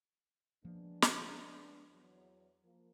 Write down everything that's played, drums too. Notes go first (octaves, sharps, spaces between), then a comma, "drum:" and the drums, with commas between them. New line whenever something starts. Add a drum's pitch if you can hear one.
F3 G#3 A#3 B3 D4
drum: snare
E2 F#3
F3 A#3